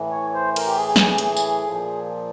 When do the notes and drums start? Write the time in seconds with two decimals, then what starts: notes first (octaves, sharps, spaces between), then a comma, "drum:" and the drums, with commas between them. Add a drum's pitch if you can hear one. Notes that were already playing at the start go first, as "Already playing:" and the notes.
Already playing: A2 E3
0.12 C#5
0.34 C5
0.56 A#4, drum: cymbal
0.67 G4
0.77 G#4
0.96 drum: snare
1.18 drum: hi-hat
1.37 drum: tambourine
1.66 A#2 F3